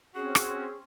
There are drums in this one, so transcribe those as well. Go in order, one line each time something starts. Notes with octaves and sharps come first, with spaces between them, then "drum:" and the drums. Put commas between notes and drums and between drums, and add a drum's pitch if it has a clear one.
C4 C#4 F#4 G#4
drum: rim click